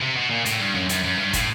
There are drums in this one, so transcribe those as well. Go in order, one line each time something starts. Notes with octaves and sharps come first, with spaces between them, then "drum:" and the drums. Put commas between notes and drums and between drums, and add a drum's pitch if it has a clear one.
C3
B2
A#2
A2, drum: hi-hat
G2
F#2
F#2, drum: hi-hat
F#2
G2
A2, drum: kick, hi-hat